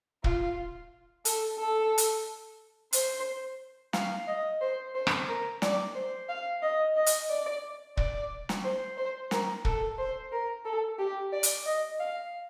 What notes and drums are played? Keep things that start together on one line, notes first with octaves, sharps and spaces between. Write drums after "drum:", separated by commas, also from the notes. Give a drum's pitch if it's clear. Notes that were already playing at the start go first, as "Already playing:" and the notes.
F4, drum: kick
A4, drum: hi-hat
A4
drum: hi-hat
C5, drum: hi-hat
F5, drum: snare
D#5
C5
C5
drum: rim click
A#4
D5, drum: snare
C5
F5
D#5
D#5
drum: hi-hat
D5
D5, drum: kick
drum: snare
C5
C5
A#4, drum: snare
A4, drum: kick
C5
A#4
A4
G4
D5
drum: hi-hat
D#5
F5